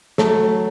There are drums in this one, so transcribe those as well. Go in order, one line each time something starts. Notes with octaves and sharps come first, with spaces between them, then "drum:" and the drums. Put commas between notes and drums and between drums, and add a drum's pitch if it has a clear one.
F#3 A3, drum: snare